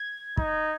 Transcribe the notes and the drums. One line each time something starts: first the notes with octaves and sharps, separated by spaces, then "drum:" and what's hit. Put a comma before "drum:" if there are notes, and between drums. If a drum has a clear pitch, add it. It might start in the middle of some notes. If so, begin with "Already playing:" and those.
Already playing: G#6
D#4, drum: kick